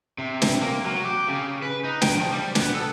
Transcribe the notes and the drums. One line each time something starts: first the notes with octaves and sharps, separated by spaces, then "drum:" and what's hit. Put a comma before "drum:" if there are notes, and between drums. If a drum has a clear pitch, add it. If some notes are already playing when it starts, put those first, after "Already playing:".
C3
drum: snare
A#3
F#3
G4
C#3
B4
D#4
G5, drum: snare
F3
G3
B3, drum: snare
A4